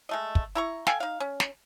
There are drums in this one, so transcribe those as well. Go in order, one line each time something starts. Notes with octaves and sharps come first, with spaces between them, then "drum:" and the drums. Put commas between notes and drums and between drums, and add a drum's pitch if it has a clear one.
G#3 A3 D#5
drum: kick
E4 A#5 C#6
A4 F5 G5 G#5, drum: snare
D#4 F5
C#4
drum: snare